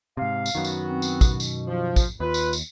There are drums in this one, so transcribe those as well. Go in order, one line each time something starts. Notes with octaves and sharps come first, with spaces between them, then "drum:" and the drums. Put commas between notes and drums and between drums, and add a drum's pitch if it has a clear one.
G#2 C3 F5
drum: tambourine
F#2 D#3 B3 F#4
drum: tambourine
C4
drum: tambourine
B2, drum: kick, tambourine
drum: tambourine
F3
drum: kick, tambourine
D#2 F4 B4
drum: tambourine
drum: tambourine